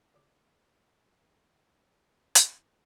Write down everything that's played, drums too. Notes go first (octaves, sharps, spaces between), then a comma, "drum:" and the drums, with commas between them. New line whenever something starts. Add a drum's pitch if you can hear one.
A#2 C#3 E5 D6
drum: hi-hat